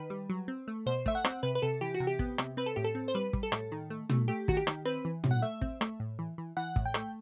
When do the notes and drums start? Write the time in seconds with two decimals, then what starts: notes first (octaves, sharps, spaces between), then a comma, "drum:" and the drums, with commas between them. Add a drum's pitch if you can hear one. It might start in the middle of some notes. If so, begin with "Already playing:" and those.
Already playing: D#3 B4
0.10 G3
0.30 F#3
0.48 C4
0.68 A3
0.86 B2 C5
1.06 A3 E5, drum: kick
1.15 F#5
1.25 C4, drum: rim click
1.43 C3 B4
1.55 B4
1.62 C3 A4
1.81 E3 G4
1.95 F#4
2.00 C3
2.07 G4
2.19 B3, drum: kick
2.38 C3, drum: rim click
2.57 C4 B4
2.66 A4
2.76 A2 G4
2.84 A4
2.95 C4
3.08 C5
3.15 G3 B4
3.33 G3, drum: kick
3.43 A4
3.52 A2, drum: rim click
3.72 D#3
3.90 A3
4.10 A3, drum: tom
4.28 A3 G4
4.48 D#3 F#4, drum: kick
4.57 G4
4.67 D#3, drum: rim click
4.85 C4 B4
5.05 E3
5.24 A2, drum: tom
5.31 F#5
5.42 A3 E5
5.61 C4, drum: kick
5.81 A3, drum: rim click
6.00 A2
6.19 E3
6.38 E3
6.57 E3 F#5
6.76 A2, drum: kick
6.86 G5
6.94 A3, drum: rim click